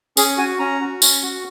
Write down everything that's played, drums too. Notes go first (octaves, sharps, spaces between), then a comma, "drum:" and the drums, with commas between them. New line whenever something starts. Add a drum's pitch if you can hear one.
C#4 G#4, drum: tambourine
F#4 G#5
C#4 A#5
F#4
C#4, drum: tambourine
F#4